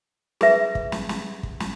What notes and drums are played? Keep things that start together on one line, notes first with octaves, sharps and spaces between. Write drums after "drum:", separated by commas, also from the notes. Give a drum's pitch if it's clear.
G#4 B4 E5, drum: snare
drum: kick
drum: snare
drum: snare
drum: kick
drum: snare